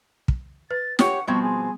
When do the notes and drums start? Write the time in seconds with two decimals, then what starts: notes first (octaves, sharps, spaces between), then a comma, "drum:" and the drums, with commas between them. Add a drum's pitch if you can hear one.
0.28 drum: kick
0.71 B4 A6
0.99 G4 C#5 F#5, drum: snare
1.27 B2 F3 G3 B3 C4 C#6
1.42 G#4